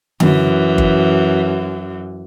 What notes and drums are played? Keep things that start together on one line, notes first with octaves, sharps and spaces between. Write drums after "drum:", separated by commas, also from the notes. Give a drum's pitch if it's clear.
F#2 E3, drum: tom D3
drum: kick G1